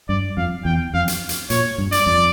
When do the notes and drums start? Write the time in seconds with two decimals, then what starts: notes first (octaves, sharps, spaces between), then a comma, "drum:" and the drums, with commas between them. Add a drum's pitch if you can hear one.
0.09 G2 D5
0.37 F2 F5
0.65 E2 G5
0.94 F2 F5
1.08 drum: hi-hat
1.29 drum: hi-hat
1.50 A#2 C#5, drum: hi-hat
1.78 G2
1.92 D5, drum: hi-hat
2.06 F2